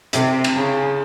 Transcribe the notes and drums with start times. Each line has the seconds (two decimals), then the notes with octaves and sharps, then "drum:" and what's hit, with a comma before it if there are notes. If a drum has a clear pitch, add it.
0.13 C3, drum: hi-hat
0.44 drum: cymbal
0.55 C#3